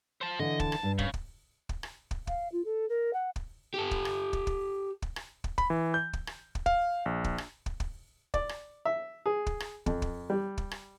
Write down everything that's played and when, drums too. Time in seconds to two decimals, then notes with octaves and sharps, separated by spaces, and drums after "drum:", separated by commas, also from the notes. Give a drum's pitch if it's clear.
0.21 C5 A5
0.39 D3 E3 D#5
0.60 A5, drum: kick
0.72 drum: rim click
0.83 G2
0.99 C#3, drum: kick
1.14 drum: kick
1.69 drum: kick
1.83 drum: rim click
2.11 drum: kick
2.27 F5, drum: kick
2.52 F4
2.65 A4
2.89 A#4
3.13 F#5
3.36 drum: kick
3.74 G4 A4
3.91 drum: kick
4.05 drum: rim click
4.33 drum: kick
4.47 drum: kick
5.02 drum: kick
5.16 drum: rim click
5.44 drum: kick
5.58 B5, drum: kick
5.70 E3
5.94 G6
6.13 drum: kick
6.27 drum: rim click
6.55 drum: kick
6.66 F5, drum: kick
7.06 A#1
7.24 drum: kick
7.38 drum: rim click
7.66 drum: kick
7.80 drum: kick
8.34 D5, drum: kick
8.49 drum: rim click
8.85 E5
9.26 G#4
9.47 drum: kick
9.60 drum: rim click
9.86 F2, drum: kick
10.02 drum: kick
10.30 G3
10.58 drum: kick
10.71 drum: rim click